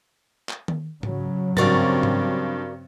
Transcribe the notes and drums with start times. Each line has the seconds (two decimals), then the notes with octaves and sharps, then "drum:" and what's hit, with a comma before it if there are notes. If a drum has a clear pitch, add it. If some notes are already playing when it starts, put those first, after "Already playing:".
0.49 drum: clap
0.68 drum: tom D#3
1.03 C#3 F#3, drum: tom G#2
1.57 G2 C#3 C4 F#4 A#4 D5 C#6 A6, drum: tom G#2
2.03 drum: tom G#2